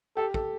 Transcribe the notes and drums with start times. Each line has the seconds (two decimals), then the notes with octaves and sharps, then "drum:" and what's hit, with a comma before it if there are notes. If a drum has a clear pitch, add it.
0.17 G4 A4
0.34 A4, drum: kick